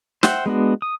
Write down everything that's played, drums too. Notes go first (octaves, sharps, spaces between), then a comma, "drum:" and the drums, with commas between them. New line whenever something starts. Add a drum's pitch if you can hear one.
C5 E5 F#5 G5, drum: snare
G#3 B3 D4 F#4
D#6